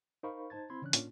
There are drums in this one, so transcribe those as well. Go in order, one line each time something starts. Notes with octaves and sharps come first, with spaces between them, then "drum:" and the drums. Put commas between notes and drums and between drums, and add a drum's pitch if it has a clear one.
D#4 A#4 C5 F5 B5 C#6
D#4 C5 A5 G#6 A6
C4 E4 B5 C6 G#6
C#3 E3 C#4 D4 F#6
A2 A#3 C#4 D4 F4, drum: hi-hat